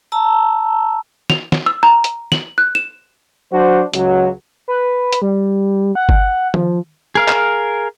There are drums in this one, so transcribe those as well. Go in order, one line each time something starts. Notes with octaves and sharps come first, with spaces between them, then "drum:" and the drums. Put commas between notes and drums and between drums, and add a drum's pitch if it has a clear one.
A5 A#5 E6
F7, drum: snare
drum: snare
E6
A#5
drum: hi-hat
F#7, drum: snare
F#6
E7
F#3 D4 F#4 C5
C#2 F#3, drum: hi-hat
B4
drum: hi-hat
G3
F#5
drum: kick G1
F3, drum: tom
G#4 A#4 F5
drum: clap